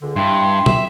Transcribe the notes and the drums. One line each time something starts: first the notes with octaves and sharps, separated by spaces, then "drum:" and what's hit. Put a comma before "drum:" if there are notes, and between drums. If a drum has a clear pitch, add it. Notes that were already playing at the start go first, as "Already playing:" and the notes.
C#2 D3
G2 E4 G5 C6
E5, drum: tom